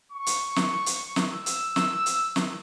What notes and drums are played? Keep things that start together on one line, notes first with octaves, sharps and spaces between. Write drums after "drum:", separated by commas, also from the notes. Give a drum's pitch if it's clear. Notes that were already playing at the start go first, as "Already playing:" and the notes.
C#6
drum: hi-hat
drum: snare
drum: hi-hat
drum: snare
E6
drum: hi-hat
drum: snare
drum: hi-hat
drum: snare